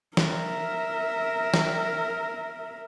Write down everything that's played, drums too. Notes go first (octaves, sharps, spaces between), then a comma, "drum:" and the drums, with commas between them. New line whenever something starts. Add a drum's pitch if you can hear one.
A#4 E5, drum: snare
drum: snare